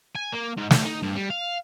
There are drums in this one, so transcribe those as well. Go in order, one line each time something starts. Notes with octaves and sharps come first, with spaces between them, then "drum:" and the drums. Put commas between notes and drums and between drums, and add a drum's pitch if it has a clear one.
G#5
A#3
G#2
D2, drum: snare
D#4
G2
G3
F5